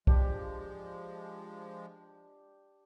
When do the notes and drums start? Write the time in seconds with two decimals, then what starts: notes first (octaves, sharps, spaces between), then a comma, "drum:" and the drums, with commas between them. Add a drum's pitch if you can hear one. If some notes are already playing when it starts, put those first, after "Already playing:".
0.07 F3 G#3 D4 G4, drum: kick